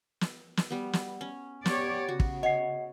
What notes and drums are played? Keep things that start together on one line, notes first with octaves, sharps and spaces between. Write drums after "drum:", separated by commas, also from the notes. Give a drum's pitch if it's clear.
drum: snare
drum: snare
G3 B3
drum: snare
C#4
B3 G4 C#5 D5, drum: snare
C#3 F#4
drum: kick
C#5 D#5 F#5 C7